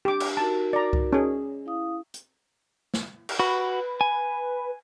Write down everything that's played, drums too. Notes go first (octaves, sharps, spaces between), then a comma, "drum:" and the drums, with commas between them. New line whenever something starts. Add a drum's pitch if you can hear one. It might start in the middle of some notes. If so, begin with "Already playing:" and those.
D4 G4 D6
drum: cymbal
D#4 F#4 A#4 A5
D5 A#5
drum: kick C2
C#4 G#4
E4 F5 D#6
drum: hi-hat
drum: snare
drum: cymbal
F#4 B4
G#5